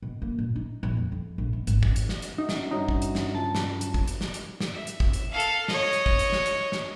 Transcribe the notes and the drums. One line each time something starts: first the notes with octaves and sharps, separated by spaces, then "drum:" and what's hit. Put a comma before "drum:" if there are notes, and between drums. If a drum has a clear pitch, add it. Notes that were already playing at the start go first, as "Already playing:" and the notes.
B2
A#3
A#2
D#4
A#1
F2
F2
A#1
B2
G#1, drum: hi-hat
drum: kick
drum: hi-hat
drum: snare
drum: hi-hat
F#2 D#4
drum: snare
G2 F#3 D#4 A#5
drum: kick
drum: hi-hat
drum: snare
C#2 A5
drum: snare
drum: hi-hat
drum: kick
drum: hi-hat
drum: snare
drum: hi-hat
drum: snare
E5
drum: hi-hat
drum: kick
drum: hi-hat
A4 F5
drum: hi-hat
C#5 D#5, drum: snare
drum: hi-hat
drum: kick
drum: hi-hat
drum: snare
drum: hi-hat
drum: snare